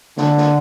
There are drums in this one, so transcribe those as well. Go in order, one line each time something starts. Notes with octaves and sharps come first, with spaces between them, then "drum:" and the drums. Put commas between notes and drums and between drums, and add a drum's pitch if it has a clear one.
D3, drum: snare
drum: snare